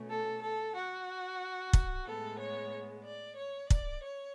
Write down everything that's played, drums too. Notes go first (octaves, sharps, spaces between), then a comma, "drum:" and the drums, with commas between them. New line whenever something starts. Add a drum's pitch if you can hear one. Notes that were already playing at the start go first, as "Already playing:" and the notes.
Already playing: B2 A3 C#4
A4
A4
F#4
drum: kick
A2 G#3 B3 A4
C#5
D5
C#5
D5, drum: kick
C#5